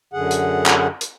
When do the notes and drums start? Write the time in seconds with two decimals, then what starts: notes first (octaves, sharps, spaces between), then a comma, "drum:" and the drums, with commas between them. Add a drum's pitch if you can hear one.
0.13 F#2 D3 G#4 F#5
0.31 drum: hi-hat
0.66 drum: clap
1.01 drum: hi-hat